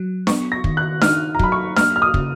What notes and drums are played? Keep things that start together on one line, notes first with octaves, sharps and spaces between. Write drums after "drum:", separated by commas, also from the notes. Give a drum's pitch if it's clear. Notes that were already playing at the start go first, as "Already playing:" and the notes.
Already playing: F#3
B3 C#6, drum: snare D4
A#6
D#3, drum: kick
F#6
D#4 F6, drum: snare D4
A#5
F#3 B5, drum: kick
C#6
A#3 F6, drum: snare D4
F6
D#6
C#3, drum: kick